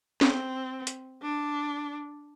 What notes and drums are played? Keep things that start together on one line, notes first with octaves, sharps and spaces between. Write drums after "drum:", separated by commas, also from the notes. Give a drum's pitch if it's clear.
C4, drum: snare
drum: hi-hat
D4